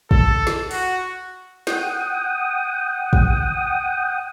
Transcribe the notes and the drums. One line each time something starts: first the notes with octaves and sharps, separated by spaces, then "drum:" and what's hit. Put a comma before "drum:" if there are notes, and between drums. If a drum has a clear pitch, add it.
A4, drum: kick
drum: snare
F#4, drum: open hi-hat
F#5 G5 D#6, drum: snare
drum: kick